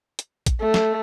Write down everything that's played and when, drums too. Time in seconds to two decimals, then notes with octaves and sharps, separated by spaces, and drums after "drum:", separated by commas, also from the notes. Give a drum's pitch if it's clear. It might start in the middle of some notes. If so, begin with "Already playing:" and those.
0.19 drum: hi-hat
0.46 drum: kick, hi-hat
0.61 A3
0.74 drum: snare